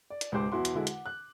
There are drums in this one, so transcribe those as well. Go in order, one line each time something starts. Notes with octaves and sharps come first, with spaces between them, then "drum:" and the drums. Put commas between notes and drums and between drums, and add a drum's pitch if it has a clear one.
D5
drum: hi-hat
C#2 G#2 G4 C5 D6
E2 B2 F#3 E4 F#4 C6
drum: hi-hat
D3 G#3 E4 F#4
F#5, drum: hi-hat
F#6